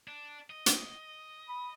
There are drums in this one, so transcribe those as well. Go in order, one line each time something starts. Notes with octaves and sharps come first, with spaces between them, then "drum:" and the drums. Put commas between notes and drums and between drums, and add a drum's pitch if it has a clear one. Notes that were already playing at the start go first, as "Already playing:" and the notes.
D4
D#5
drum: hi-hat
B5